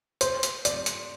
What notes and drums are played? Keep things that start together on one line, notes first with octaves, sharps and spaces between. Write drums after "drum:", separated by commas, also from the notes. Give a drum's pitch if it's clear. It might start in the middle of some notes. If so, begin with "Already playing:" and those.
C5, drum: hi-hat
drum: hi-hat
D5, drum: hi-hat
drum: hi-hat